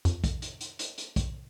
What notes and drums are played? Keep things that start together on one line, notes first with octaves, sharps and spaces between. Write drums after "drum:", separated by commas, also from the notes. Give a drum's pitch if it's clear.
F2, drum: hi-hat
drum: kick, hi-hat
drum: hi-hat
drum: hi-hat
drum: hi-hat
drum: hi-hat
drum: kick, hi-hat